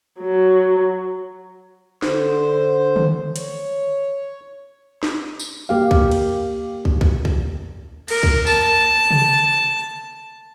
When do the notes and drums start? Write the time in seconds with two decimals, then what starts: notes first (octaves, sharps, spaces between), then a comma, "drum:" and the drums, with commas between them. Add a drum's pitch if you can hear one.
0.20 F#3
2.02 D3 C5, drum: snare
2.96 drum: tom D3
3.36 C#5, drum: hi-hat
5.03 drum: snare
5.39 drum: tambourine
5.69 A#3 G4 F5
5.91 drum: kick
6.11 drum: cymbal
6.85 drum: kick
7.01 drum: kick
7.25 drum: kick
8.08 A#4, drum: cymbal
8.23 drum: kick
8.47 A5, drum: tambourine
9.11 drum: tom C3